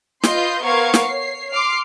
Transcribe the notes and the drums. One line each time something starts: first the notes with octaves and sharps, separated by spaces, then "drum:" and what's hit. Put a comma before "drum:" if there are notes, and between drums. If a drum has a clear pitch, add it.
F4 B4 D#5 C6 G6, drum: snare
B3 A#4 C5 F5 C#6 G#6
drum: snare
C#5 C7
C6 D6 F6 C7